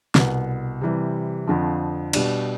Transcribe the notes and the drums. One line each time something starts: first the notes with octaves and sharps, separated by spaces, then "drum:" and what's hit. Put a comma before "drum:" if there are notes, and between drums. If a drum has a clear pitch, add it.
C2 B2 B3, drum: snare
C3 E3 G3
F2 D3 F3
B2 G3 D4, drum: cymbal